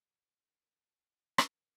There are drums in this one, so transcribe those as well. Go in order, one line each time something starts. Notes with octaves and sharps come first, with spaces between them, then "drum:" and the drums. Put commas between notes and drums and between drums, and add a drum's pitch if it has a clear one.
G#2 F#4 D5 G5
A#2 G3 G#3
A4 G5
D#4 C#5
drum: rim click
E2 G2 A#4 G5